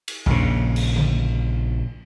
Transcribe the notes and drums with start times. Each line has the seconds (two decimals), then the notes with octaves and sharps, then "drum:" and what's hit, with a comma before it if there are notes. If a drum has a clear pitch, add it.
0.08 drum: cymbal
0.26 A#1 C#3, drum: tom E2
0.76 drum: cymbal
0.96 drum: tom D3